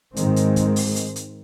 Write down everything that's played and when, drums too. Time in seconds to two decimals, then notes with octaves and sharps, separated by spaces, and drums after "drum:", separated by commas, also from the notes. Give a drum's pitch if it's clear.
0.16 G#2 D#3 G#3 C4, drum: hi-hat
0.36 drum: hi-hat
0.56 drum: kick, hi-hat
0.76 drum: open hi-hat
0.96 drum: hi-hat
1.16 drum: hi-hat